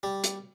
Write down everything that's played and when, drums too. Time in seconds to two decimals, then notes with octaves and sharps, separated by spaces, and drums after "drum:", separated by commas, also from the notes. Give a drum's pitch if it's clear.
0.03 G3
0.24 drum: hi-hat